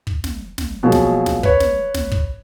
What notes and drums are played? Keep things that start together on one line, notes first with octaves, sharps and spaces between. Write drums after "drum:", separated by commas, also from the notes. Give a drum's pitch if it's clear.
drum: kick
drum: snare
drum: snare
B2 F3 F#3 G#3 A#3
drum: snare
drum: snare
B4 C#5, drum: kick
drum: snare
drum: snare
drum: kick